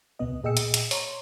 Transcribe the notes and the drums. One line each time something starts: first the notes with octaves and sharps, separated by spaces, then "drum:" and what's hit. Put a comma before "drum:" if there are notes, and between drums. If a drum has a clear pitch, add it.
C#2 B2 B3 D#5
A#2 G#4 D#5 G5 E6 C#7
drum: hi-hat
drum: hi-hat
C#5 A#5 C6, drum: open hi-hat